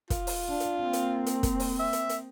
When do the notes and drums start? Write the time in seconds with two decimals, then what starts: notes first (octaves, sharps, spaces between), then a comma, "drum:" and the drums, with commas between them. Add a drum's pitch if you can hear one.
0.10 F4, drum: kick, hi-hat
0.27 drum: open hi-hat
0.49 D4
0.60 drum: hi-hat
0.82 A#3 C4
0.93 drum: hi-hat
1.26 drum: hi-hat
1.43 drum: kick, hi-hat
1.60 drum: open hi-hat
1.79 E5
1.93 drum: hi-hat
2.09 drum: hi-hat